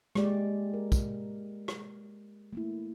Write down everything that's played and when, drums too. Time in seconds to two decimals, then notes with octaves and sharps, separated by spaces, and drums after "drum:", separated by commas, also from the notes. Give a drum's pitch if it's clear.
0.15 G#3 A#3 G4 D5, drum: rim click
0.74 A#4
0.92 drum: kick, tambourine
1.68 drum: rim click
2.53 A3 A#3 E4